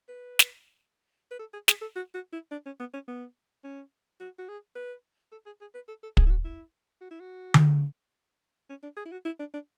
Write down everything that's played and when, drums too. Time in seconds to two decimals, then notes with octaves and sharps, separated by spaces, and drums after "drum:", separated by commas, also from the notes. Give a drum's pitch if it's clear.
0.09 B4
0.39 drum: snare
1.31 B4
1.39 A4
1.53 G#4
1.68 G#4, drum: snare
1.81 A4
1.96 F#4
2.14 F#4
2.33 E4
2.51 D4
2.66 C#4
2.80 B3
2.94 C#4
3.08 B3
3.64 C#4
4.20 F#4
4.39 F#4
4.49 G#4
4.76 B4
5.32 A4
5.46 G#4
5.61 G#4
5.74 B4
5.88 A4
6.03 A4
6.17 G#4, drum: kick
6.26 E4
6.30 F#4
6.45 E4
7.01 F#4
7.11 E4
7.20 F#4
7.54 drum: tom D3
8.69 C#4
8.83 D4
8.97 G#4
9.06 E4
9.12 F#4
9.25 E4
9.39 D4
9.54 D4